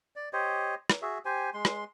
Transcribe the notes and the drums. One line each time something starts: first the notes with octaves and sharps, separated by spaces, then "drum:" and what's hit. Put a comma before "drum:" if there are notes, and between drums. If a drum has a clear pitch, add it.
D5
G4 C5 C#5 D#5
drum: rim click
F#4 G#4 E5
G4 C5 G#5
G#3 C6
drum: rim click